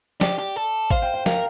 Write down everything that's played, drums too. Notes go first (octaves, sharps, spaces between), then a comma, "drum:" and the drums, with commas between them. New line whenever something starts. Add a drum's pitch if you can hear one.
G4 D5, drum: snare
G4
A4
C5 F5, drum: kick G#1
G5
F5
A#4 F5, drum: snare